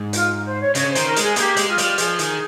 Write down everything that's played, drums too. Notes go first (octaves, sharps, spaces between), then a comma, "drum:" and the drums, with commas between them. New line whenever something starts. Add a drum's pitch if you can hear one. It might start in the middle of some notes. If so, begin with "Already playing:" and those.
Already playing: G#2
F4, drum: hi-hat
C5
C#5
C#3 C#5, drum: hi-hat
C5
D#3, drum: hi-hat
A#4
G#3 G#4, drum: hi-hat
A#3 G4, drum: hi-hat
G#3, drum: hi-hat
F4
G3, drum: hi-hat
F3 G#4, drum: hi-hat
D#3, drum: hi-hat